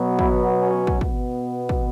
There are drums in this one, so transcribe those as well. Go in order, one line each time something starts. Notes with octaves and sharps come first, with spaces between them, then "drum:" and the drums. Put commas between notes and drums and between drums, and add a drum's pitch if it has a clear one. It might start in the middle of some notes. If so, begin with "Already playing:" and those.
Already playing: B2 F#3 B3
E4, drum: kick
C#4
drum: kick
B2 B3, drum: kick
drum: kick